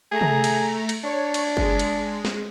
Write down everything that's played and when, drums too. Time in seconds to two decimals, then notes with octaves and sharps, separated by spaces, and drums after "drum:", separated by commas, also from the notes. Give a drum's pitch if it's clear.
0.11 A3 G#4 A#5
0.21 drum: tom
0.44 drum: cymbal
0.89 drum: cymbal
1.04 D4 C#5
1.34 drum: cymbal
1.57 G#3, drum: kick F#1
1.79 drum: cymbal
2.25 drum: snare